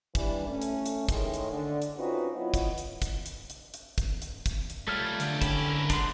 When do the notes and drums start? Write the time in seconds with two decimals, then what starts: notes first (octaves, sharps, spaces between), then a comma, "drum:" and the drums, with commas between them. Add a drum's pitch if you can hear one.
0.15 E3 G3 D4, drum: kick, hi-hat
0.47 A3 C#4
0.62 drum: hi-hat
0.86 drum: hi-hat
1.09 A2 D#3 G#3, drum: kick, hi-hat
1.34 drum: hi-hat
1.51 D3
1.82 drum: hi-hat
1.97 C4 C#4 D#4 F4 F#4 B4
2.36 F#3 B3 E4 F4 D#5
2.54 drum: kick, hi-hat
2.78 drum: hi-hat
3.02 drum: kick, hi-hat
3.26 drum: hi-hat
3.50 drum: hi-hat
3.74 drum: hi-hat
3.98 drum: kick, hi-hat
4.22 drum: hi-hat
4.46 drum: kick, hi-hat
4.70 drum: hi-hat
4.88 G3 A3 F4 A4 C#5 F6
5.20 D3, drum: hi-hat
5.42 C#4 E4 G4, drum: kick, hi-hat
5.69 A#4 B4
5.90 G#3 D4 F#5 C6, drum: kick, hi-hat